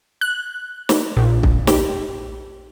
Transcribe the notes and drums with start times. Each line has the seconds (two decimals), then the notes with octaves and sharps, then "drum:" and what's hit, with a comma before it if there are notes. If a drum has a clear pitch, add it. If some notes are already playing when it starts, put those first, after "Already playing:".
0.21 F#6
0.89 drum: snare
1.17 A#1
1.43 drum: kick
1.67 G4, drum: snare